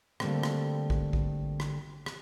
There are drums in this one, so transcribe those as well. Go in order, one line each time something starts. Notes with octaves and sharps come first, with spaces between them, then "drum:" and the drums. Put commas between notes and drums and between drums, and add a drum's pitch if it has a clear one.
D3 G3 A3 A#3 C4 G4, drum: rim click
drum: rim click
drum: kick A#1
drum: kick A#1
drum: rim click
drum: rim click